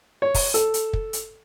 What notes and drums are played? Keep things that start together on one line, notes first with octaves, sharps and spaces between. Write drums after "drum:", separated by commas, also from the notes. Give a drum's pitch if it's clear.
C#5
drum: kick, open hi-hat
A4, drum: hi-hat
drum: hi-hat
drum: kick
drum: hi-hat